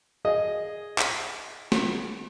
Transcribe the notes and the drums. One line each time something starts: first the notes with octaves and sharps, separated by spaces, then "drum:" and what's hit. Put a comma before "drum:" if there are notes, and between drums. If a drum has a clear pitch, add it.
G#4 D#5
drum: clap
drum: snare